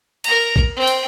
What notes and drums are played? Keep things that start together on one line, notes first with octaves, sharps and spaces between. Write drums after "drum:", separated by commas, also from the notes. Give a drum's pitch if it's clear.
A#4 A#5, drum: cymbal
drum: kick
C4 G5
drum: cymbal